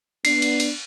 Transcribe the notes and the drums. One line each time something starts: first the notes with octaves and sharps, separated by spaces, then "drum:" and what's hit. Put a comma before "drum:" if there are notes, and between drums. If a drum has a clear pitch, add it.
B3 D4 C7, drum: cymbal
drum: cymbal
drum: cymbal